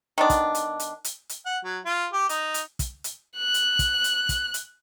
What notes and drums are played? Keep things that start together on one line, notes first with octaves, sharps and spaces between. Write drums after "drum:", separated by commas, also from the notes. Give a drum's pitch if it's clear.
D#3 B3 D4
drum: kick, hi-hat
drum: hi-hat
drum: hi-hat
drum: hi-hat
drum: hi-hat
F#5
F#3
F4
G4
D#4, drum: hi-hat
drum: hi-hat
drum: kick, hi-hat
drum: hi-hat
F#6
drum: hi-hat
drum: kick, hi-hat
drum: hi-hat
drum: kick, hi-hat
drum: hi-hat